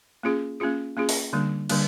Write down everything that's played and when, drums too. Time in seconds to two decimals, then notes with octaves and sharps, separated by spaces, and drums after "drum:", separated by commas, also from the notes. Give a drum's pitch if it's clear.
0.23 A#3 C#4 F4 G#4
0.60 A#3 C#4 F4 G#4
0.97 A#3 C#4 F4 G#4
1.09 drum: open hi-hat
1.33 D3 G3 A#3 D4
1.69 D3 G3 A#3 D4, drum: cymbal